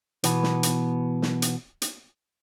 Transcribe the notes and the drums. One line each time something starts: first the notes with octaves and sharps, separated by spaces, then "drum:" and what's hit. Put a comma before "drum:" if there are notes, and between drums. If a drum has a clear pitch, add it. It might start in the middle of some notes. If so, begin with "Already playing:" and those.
B2 E3 B3, drum: hi-hat
drum: snare
drum: hi-hat
drum: snare
drum: hi-hat
drum: hi-hat